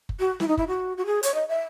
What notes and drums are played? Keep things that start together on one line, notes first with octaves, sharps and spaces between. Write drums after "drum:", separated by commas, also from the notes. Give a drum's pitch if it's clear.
drum: kick F#1
F#4
E4, drum: snare
D#4
E4, drum: kick F#1
F#4
F#4
G#4
C#5, drum: hi-hat
D#5
E5